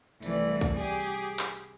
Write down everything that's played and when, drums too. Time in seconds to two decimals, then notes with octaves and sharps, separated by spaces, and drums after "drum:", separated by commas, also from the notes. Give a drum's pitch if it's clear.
0.23 C2 E3 A3 D5, drum: hi-hat
0.61 drum: kick B1, hi-hat
0.77 G4 G#4
1.00 drum: hi-hat
1.39 drum: clap